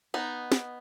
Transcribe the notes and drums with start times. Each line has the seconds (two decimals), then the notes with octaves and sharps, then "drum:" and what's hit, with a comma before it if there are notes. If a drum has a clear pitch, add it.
0.14 B3 D#4
0.52 drum: snare